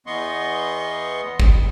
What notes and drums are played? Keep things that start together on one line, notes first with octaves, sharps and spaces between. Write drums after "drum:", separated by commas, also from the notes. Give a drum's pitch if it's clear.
E2 E3 B3 D#5 C6 C#6
drum: kick